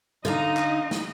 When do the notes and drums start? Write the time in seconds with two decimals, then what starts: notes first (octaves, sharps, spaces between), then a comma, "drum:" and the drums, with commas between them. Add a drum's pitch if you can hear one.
0.25 D3 D#4 D#5 F5 A#5
0.57 drum: clap
0.91 drum: snare